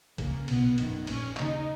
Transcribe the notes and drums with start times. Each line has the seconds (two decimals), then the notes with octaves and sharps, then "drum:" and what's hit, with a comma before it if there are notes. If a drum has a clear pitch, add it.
0.18 C#2 C#3 A#3, drum: kick, cymbal
0.48 B1 A#2 B3, drum: cymbal
0.78 G#1 F#2 D#3 B3, drum: cymbal
1.07 A#1 A#2 C#4, drum: cymbal
1.37 D#2 C#3 D#4, drum: clap